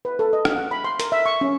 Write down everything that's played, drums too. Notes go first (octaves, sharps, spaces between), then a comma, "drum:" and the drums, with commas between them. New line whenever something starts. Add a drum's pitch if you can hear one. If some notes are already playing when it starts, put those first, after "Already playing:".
B4
A4
D#5
drum: rim click
F#5
B5
C6
A#4, drum: hi-hat
E5
C#6
C#4